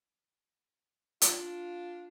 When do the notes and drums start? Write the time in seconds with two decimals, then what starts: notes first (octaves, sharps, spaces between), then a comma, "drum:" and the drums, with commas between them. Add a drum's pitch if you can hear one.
1.22 D4 F4, drum: hi-hat